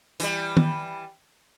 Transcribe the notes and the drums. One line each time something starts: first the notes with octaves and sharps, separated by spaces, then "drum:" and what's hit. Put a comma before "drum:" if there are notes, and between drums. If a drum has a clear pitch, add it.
E3 G3, drum: hi-hat
drum: tom D#3